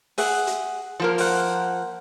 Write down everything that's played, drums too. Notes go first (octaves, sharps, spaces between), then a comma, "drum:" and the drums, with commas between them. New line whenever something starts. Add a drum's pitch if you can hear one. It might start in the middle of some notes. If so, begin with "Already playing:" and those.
G#4 E5 F#5, drum: open hi-hat
drum: hi-hat
F3 A#3 A#4
C5 F#5, drum: open hi-hat